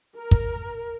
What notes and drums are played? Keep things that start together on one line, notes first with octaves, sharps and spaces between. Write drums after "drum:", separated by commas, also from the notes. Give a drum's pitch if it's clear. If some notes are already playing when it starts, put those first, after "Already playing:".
A#4
drum: kick